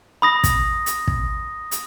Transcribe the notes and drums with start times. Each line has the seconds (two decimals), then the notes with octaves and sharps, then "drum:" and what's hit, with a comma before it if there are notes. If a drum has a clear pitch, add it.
0.22 B5 D#6 A#6
0.44 drum: kick, hi-hat
0.86 drum: hi-hat
1.07 drum: kick
1.71 drum: hi-hat